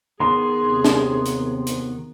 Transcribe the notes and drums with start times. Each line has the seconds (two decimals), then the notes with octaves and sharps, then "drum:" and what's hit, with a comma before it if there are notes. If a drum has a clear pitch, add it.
0.20 D#3 B3 G#4 C6
0.64 D#2 C3
0.84 drum: snare
1.26 drum: hi-hat
1.67 drum: hi-hat